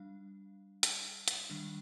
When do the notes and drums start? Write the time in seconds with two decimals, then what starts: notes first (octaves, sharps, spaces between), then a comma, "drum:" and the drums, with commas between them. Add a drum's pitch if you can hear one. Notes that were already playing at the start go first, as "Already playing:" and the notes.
Already playing: G3 D4 F5
0.83 drum: hi-hat
1.28 drum: hi-hat
1.50 D#3 G3 D4